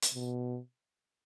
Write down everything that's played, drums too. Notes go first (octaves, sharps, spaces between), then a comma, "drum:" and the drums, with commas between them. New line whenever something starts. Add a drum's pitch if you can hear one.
drum: hi-hat
B2